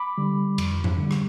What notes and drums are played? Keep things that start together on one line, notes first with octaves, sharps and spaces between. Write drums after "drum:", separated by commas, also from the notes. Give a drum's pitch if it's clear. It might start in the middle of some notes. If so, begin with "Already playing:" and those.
Already playing: B5 D6
D3 G3
F2, drum: cymbal
drum: tom G2
D3 G3
drum: rim click